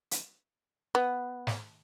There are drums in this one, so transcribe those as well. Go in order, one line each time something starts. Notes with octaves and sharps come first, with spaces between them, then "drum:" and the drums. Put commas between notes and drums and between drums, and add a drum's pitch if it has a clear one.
drum: hi-hat
B3
drum: snare